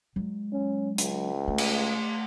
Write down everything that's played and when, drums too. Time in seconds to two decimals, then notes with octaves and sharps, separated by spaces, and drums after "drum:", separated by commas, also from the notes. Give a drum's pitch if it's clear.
0.16 F#3 G#3
0.53 C#4
0.98 C#2, drum: hi-hat
1.48 A3
1.58 drum: cymbal